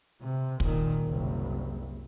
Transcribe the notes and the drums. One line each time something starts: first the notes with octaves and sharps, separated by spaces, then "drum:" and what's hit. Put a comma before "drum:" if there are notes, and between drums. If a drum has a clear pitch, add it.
C3
A#2 D#3, drum: kick
F#1 C2